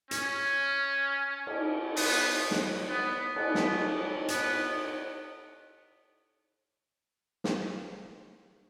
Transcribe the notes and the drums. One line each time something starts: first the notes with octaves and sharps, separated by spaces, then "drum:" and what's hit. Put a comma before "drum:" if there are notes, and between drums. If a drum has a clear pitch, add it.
C#4, drum: hi-hat
drum: cymbal
B3, drum: open hi-hat
drum: snare
B3
B3, drum: cymbal
drum: snare
B3, drum: hi-hat
drum: snare